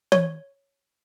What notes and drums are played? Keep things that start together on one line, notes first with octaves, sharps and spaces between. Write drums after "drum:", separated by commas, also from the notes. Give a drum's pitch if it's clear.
C#5, drum: tom